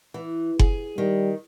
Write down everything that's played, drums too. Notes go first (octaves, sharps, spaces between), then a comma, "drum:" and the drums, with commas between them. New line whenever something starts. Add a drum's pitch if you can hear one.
E3
G#4, drum: kick F#1
D#3 G3